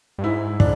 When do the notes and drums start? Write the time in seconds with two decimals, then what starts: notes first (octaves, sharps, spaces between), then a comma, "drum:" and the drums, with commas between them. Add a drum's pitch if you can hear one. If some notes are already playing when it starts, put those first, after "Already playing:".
0.18 G2
0.24 G#2 E4
0.60 D4, drum: kick